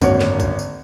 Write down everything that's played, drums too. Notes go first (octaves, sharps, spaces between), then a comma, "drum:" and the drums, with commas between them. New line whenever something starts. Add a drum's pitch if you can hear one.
G#1 F#2 D3 A#3 F#4 C#5, drum: kick C2, tambourine
drum: snare
drum: kick C2, tambourine
drum: tambourine